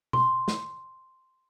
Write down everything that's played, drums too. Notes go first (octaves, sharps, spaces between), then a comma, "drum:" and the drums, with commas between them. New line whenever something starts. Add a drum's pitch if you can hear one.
C6, drum: tom B2
drum: snare